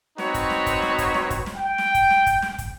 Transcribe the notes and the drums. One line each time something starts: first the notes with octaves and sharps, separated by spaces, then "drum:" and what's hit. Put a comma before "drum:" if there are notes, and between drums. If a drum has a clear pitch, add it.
C4 D#4 F#4 B4 C#5, drum: snare
drum: kick, hi-hat
drum: snare
drum: kick, hi-hat
drum: snare
drum: kick, hi-hat
drum: snare
drum: kick, hi-hat
drum: snare
G5
drum: snare
drum: kick, hi-hat
drum: snare
drum: kick, hi-hat
drum: snare
drum: kick, hi-hat